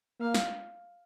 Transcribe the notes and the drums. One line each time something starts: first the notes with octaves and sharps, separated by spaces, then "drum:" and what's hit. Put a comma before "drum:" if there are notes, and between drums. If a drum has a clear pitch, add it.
A#3 F5
drum: snare